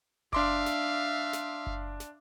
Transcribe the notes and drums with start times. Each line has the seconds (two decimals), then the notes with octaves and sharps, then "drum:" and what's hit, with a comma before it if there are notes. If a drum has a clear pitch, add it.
0.33 D4 E5 F5 C6 D6, drum: kick F#1
0.66 drum: snare
1.33 drum: snare
1.67 drum: kick F#1
2.00 drum: snare